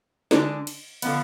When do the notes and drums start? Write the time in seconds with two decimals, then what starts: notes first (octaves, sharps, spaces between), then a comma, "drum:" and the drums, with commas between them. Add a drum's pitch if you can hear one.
0.31 D3 G#3 D4, drum: snare
0.67 drum: cymbal
1.02 D3 F3 B3, drum: cymbal